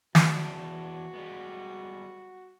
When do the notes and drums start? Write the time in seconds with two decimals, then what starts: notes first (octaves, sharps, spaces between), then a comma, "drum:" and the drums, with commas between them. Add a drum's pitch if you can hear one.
0.15 E2 D4 F#4, drum: snare
1.13 G3 G#3 B3